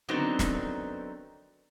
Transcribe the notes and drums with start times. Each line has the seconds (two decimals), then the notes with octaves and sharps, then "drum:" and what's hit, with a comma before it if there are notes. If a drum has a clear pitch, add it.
0.09 D3 D#3 F#3 B3 C4 D#4
0.39 drum: snare